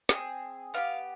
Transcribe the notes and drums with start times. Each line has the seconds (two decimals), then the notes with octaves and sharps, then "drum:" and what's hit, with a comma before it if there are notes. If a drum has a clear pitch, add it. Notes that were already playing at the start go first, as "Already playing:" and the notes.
0.09 C4 F4 G#4, drum: snare
0.74 B3 D4 G4 F5